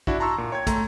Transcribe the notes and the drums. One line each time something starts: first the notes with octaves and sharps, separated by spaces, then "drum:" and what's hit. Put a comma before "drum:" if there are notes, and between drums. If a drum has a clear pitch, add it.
D4 E4 F#4, drum: kick
A5 A#5 C6 C#6 E6
A#2
C#5 G5 G#6
A3 A#5 C6, drum: kick, hi-hat